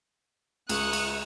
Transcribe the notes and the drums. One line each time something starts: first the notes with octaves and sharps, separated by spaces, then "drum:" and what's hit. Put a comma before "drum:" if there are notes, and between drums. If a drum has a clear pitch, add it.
C#2 C#6 D#6 F#6, drum: cymbal
drum: cymbal